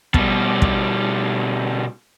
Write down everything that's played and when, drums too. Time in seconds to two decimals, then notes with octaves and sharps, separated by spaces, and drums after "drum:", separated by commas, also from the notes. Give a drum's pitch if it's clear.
0.14 B2 G3, drum: kick
0.62 drum: kick